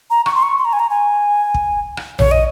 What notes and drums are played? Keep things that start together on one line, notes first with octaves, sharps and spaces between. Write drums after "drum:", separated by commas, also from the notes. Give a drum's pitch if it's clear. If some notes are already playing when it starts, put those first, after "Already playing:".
A#5
C#6, drum: rim click
C6
C#6
C6
A#5
G#5
A#5
G#5
drum: kick
drum: rim click
C#5, drum: tom A#1
D#5